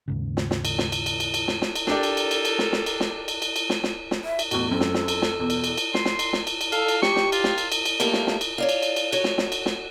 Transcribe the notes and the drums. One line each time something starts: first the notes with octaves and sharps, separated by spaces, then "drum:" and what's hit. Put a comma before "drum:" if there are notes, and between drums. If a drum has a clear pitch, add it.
D#2 G#2 C#3
drum: snare
drum: snare
drum: cymbal
drum: snare
drum: cymbal
drum: cymbal
drum: cymbal
drum: cymbal
drum: snare
drum: snare
drum: cymbal
D4 G4 A4 A#4 D5, drum: snare
drum: cymbal
drum: cymbal
drum: cymbal
drum: cymbal
drum: snare
drum: snare
drum: cymbal
drum: snare
drum: cymbal
drum: cymbal
drum: cymbal
drum: snare
drum: snare
drum: snare
E5
drum: cymbal
A1 E2 F#4, drum: cymbal
F#2 C4 A4
drum: snare
drum: snare
drum: cymbal
drum: snare
E2 B2
drum: cymbal
drum: cymbal
drum: cymbal
C6, drum: snare
drum: snare
drum: cymbal
drum: snare
drum: cymbal
drum: cymbal
A4 F5, drum: cymbal
drum: cymbal
G4 C#6, drum: snare
drum: snare
F4, drum: cymbal
drum: snare
drum: cymbal
drum: cymbal
drum: cymbal
G3 A3 A#3 D#4 F4 A4, drum: cymbal
drum: snare
drum: snare
drum: cymbal
C#5 D5 F5
drum: cymbal
drum: cymbal
drum: cymbal
F#4 C#5, drum: cymbal
drum: snare
drum: snare
drum: cymbal
drum: snare